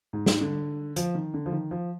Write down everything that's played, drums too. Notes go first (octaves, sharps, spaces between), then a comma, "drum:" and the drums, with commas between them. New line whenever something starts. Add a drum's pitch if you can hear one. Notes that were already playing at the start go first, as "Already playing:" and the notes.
G#2
drum: snare
D3
F3, drum: hi-hat
D#3
D3
F3
D#3
F3